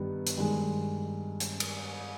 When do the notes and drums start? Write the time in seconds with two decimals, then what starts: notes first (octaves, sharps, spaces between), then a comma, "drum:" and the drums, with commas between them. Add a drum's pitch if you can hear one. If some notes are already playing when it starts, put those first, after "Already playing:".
Already playing: G2 D#3 G3 B3 D4
0.27 drum: hi-hat
0.37 G2 D#3 G#3
1.40 drum: hi-hat
1.60 drum: cymbal